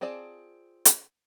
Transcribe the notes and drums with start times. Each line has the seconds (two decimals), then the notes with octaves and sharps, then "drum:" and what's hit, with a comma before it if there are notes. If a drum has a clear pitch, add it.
0.01 C4 F4 G#4 D5 A5
0.85 drum: hi-hat